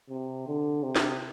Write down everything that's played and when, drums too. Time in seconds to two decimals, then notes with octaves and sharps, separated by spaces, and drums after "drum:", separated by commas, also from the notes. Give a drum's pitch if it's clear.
0.10 C3
0.47 D3
0.83 C3
0.96 drum: snare